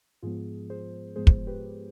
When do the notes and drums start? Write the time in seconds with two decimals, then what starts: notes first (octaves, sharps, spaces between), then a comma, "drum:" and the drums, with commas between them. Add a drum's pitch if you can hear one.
0.23 G#2 F3 G#3 B3 F4 G#4
0.70 G#4 C5
1.16 G#2 F3 G#3 B3 G#4 C5
1.27 drum: kick
1.47 G4 B4